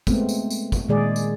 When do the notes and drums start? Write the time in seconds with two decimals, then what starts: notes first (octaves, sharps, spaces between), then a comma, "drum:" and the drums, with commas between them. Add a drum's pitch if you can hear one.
0.07 G#3 A3 B3 C4, drum: kick, tambourine
0.29 drum: tambourine
0.50 drum: tambourine
0.72 drum: kick, tambourine
0.88 A#2 D#3 G#3 G#4 D5
1.16 drum: tambourine